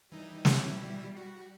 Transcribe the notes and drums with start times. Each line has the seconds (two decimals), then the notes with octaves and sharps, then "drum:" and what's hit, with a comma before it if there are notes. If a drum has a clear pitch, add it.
0.12 E3 G3 D#4
0.45 B2 E3 E4, drum: snare
1.17 F#4